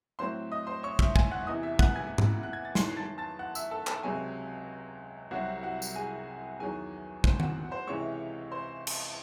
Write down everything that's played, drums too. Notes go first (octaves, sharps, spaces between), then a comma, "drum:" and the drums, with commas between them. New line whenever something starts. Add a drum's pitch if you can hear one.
A2 F#3 C4 C5 C6
D#5 D#6
C5 C6
C#5 C#6
E5 E6, drum: kick
G#5 G#6, drum: kick
F#5 F#6
E2 C3 E3 D#5 D#6
E5 E6
F#5 F#6, drum: kick
G#5 G#6
drum: tom G#2
F#6
G#6
A6
E2 D#3 F#3 C6 C7, drum: snare
A5 A6
A5 A6
F#5 F#6
E5 E6, drum: tambourine
A4 A5
A4 A5, drum: clap
C#2 C3 F#3 C4 G#4 G#5
C2 C3 F#3 C4 F#4 F#5
F#4 F#5
drum: tambourine
G#4 G#5
E2 D#3 F#3 G#4 G#5
C5, drum: kick
F#4 F#5, drum: tom
C5 C6
C#2 C3 E3 G#3 C#5 C#6
C5 C6
drum: cymbal